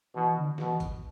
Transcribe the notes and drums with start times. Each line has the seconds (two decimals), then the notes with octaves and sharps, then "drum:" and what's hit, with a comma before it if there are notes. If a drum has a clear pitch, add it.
0.15 B2 E3
0.37 D3
0.58 B2 E3, drum: snare
0.80 drum: kick G1, hi-hat